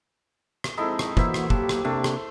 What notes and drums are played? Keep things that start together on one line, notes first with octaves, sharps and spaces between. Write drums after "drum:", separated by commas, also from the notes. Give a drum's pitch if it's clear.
drum: rim click
F2 G#3 C4 D#4 E4 A4
drum: rim click
E3 A#3 E4 F#4 C5 E5, drum: kick
drum: rim click
F#3 A#3 G4 A5, drum: kick
drum: rim click
C3 A3 A#3 D4
drum: rim click